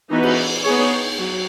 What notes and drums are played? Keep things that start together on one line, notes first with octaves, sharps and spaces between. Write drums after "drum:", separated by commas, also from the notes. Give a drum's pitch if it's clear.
E3 B3 D#4 F#4 B4
drum: cymbal
B3 D#4 G#4 C#5
F#3